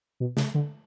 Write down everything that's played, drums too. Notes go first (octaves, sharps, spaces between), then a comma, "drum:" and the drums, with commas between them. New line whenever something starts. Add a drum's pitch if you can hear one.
B2
C#3, drum: snare
D3